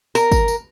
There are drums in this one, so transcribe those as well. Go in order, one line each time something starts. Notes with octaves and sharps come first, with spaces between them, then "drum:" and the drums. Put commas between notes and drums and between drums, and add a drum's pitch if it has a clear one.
A#4, drum: tambourine
drum: kick, tambourine
drum: tambourine